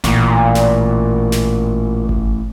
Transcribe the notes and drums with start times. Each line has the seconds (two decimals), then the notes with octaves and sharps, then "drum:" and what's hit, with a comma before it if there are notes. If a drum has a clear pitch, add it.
0.04 A1 A#2, drum: snare
0.55 drum: snare
1.32 drum: snare
2.09 drum: kick G1